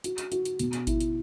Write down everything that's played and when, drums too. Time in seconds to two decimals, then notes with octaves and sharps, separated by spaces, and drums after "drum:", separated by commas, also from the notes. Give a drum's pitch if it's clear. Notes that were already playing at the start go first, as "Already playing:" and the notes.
0.04 F#4, drum: hi-hat
0.18 drum: hi-hat
0.32 F#4, drum: hi-hat
0.45 drum: hi-hat
0.59 B2, drum: hi-hat
0.73 drum: hi-hat
0.87 E4, drum: kick G#1, hi-hat
1.00 drum: hi-hat